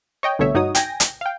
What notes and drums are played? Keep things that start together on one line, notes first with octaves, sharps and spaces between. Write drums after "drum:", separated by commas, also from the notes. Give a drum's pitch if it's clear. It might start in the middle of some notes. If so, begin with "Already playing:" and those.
C#5 D#5 G5
C2 B2 D3 A3 C#5 E5
G2 D#4 F#4 C#5 D#6
G5 G#5 A#6, drum: hi-hat
drum: hi-hat
F5 G5